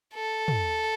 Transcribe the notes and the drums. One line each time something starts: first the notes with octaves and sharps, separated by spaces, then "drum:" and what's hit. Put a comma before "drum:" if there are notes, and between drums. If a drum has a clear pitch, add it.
A4
drum: tom